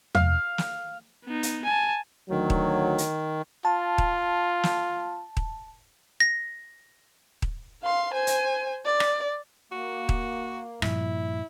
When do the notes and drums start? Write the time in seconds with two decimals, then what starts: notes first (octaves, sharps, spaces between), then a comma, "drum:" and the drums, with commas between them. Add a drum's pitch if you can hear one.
0.15 F5, drum: tom E2
0.58 drum: snare
1.25 B3 D#4
1.43 drum: hi-hat
1.65 G#5 A5
2.30 D2 D3 D#3 F#3
2.50 drum: kick D#1
2.98 drum: hi-hat
3.65 F4 A5
3.98 drum: kick D#1
4.63 drum: snare
5.37 drum: kick D#1
6.20 A#6
7.42 drum: kick D#1
7.83 F5 C6
8.13 C5 G#5
8.27 drum: hi-hat
8.85 D5
9.00 drum: rim click
9.72 A#3 F#4
10.09 drum: kick D#1
10.82 G2 A#2 F3 E4, drum: rim click